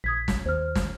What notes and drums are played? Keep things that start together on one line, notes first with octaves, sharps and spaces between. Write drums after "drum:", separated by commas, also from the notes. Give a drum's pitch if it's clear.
A#1 D#6 G#6 B6
drum: snare
D#2 C5 F6
drum: snare